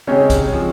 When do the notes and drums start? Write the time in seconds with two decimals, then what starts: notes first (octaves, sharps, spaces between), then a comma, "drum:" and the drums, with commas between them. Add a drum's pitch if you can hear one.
0.07 C#3 G#3 C4 C#4 D#4 G4 C#5
0.30 drum: kick, hi-hat
0.52 F3 G#3 C4